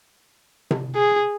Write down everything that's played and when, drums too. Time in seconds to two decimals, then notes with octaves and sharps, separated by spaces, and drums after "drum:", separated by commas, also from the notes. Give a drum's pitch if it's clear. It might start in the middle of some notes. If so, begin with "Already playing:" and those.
0.71 drum: tom C3
0.96 G#4